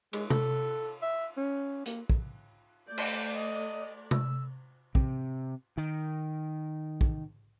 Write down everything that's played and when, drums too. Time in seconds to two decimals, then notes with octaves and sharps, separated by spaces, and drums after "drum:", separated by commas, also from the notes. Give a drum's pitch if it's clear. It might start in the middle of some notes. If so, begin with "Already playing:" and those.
0.13 G#3, drum: cymbal
0.30 A4, drum: tom C3
1.02 E5
1.37 C#4
1.86 A#3, drum: hi-hat
2.10 drum: kick
2.88 A3 D5 G6
2.98 drum: cymbal
3.33 D#5
4.11 E6, drum: tom C3
4.95 C3, drum: kick
5.78 D#3
7.01 drum: kick